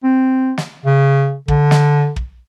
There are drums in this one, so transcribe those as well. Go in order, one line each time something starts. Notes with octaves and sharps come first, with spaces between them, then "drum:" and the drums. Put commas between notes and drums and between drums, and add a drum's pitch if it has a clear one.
C4
drum: snare
C#3
D3, drum: kick
drum: snare
drum: kick